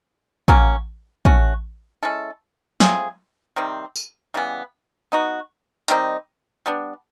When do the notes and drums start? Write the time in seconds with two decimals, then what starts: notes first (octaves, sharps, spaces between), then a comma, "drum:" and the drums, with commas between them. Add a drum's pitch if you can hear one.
0.48 C#3 F#3 A#3 C#4, drum: kick
1.25 A3 C#4 F#4, drum: kick
2.03 G#3 C#4 E4 A4
2.80 A3 C4 F4 G#4, drum: snare
3.56 C3 D#3 G3 C4
3.96 drum: tambourine
4.34 C#3 E3 G3 B3
5.12 B3 D#4 F#4
5.88 D#3 G3 C4 D#4, drum: hi-hat
6.66 G3 B3 D4